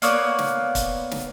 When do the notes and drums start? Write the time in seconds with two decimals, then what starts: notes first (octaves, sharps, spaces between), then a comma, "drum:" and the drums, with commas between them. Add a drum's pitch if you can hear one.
0.02 A#3 B3 C#5 D5, drum: hi-hat
0.38 drum: snare
0.75 drum: kick C#1, hi-hat
1.11 drum: snare